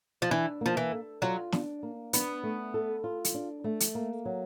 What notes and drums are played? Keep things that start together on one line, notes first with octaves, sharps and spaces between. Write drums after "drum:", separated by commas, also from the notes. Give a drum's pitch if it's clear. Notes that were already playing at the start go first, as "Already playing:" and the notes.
F3
E3 D4
F3 A#3
E3
A4
F#3 F4
D4, drum: snare
A#3
B3 D4, drum: hi-hat
A3
A4
F4
drum: hi-hat
D4
A3
drum: hi-hat
A#3
F#3